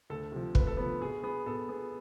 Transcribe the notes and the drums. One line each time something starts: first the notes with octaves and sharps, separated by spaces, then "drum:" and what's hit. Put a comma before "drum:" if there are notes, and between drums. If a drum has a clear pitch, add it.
D2 A4
C3 F3
D2 B4, drum: kick
A4
C3 F3 B3 B4
B2 G#4
B3 G#4
B2 A4
B3 G#4